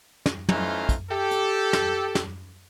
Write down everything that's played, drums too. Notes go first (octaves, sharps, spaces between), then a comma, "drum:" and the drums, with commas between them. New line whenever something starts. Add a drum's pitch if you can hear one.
drum: snare
E3 A3 C#4 D#4 F4 C5, drum: tom
drum: kick, hi-hat
G4 A4
drum: hi-hat
drum: snare
drum: snare